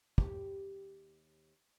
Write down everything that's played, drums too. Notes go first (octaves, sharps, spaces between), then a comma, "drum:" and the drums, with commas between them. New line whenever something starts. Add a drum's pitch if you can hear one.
D#2 G4, drum: kick